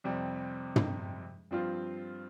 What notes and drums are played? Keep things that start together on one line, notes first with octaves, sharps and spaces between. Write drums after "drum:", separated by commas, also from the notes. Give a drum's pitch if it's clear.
F2 C3 G3 C4
drum: tom
G2 F3 C4 F4